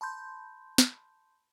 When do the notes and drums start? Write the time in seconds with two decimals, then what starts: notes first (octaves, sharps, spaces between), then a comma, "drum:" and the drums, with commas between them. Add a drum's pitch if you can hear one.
0.01 A5 B5 C6 G6
0.78 drum: snare